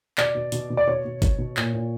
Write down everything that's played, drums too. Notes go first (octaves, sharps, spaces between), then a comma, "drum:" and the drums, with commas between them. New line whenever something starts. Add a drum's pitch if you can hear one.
B2 D5, drum: clap
B2
B2, drum: hi-hat
B2
D5
B2 C#5
B2
B2, drum: kick G#1, hi-hat
B2
A#2, drum: clap
A#2